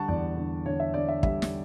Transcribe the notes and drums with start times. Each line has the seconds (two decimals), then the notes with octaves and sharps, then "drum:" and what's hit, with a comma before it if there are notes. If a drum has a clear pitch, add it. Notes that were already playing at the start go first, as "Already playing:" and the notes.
Already playing: D3 G3 F#5 A5 C#6
0.08 E2 D5
0.37 D3
0.66 D3 C#5
0.80 E5
0.94 D3 D5
1.09 E5
1.23 G3 E5, drum: kick
1.42 drum: snare